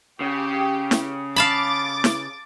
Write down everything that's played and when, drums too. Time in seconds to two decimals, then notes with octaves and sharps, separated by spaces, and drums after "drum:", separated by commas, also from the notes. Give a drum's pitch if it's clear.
0.20 C#3 G4
0.91 drum: snare
1.36 F5 A5 B5 D6 A6
2.04 drum: snare